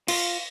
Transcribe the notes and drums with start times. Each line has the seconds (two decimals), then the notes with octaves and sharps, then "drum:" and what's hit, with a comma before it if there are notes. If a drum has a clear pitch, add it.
0.08 F4, drum: cymbal